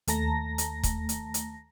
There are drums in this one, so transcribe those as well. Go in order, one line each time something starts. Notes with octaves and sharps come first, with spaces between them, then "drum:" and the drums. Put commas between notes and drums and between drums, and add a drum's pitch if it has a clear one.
D#2 A3 A5 A#5 A#6, drum: hi-hat
drum: hi-hat
drum: kick, hi-hat
drum: hi-hat
drum: hi-hat